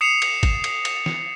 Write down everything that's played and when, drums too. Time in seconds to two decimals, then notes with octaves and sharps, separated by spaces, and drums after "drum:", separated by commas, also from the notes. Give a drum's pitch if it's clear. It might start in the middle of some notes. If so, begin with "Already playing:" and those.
0.01 D#6 C7 C#7 E7 F7
0.22 drum: cymbal
0.43 drum: kick, cymbal
0.64 drum: cymbal
0.85 drum: cymbal
1.06 drum: snare